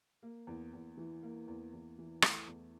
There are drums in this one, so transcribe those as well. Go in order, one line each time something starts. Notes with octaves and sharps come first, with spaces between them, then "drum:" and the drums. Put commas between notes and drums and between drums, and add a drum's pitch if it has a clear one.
A#3
E2
E2
E3
A#3
E2
E2
E3
A3, drum: rim click
E2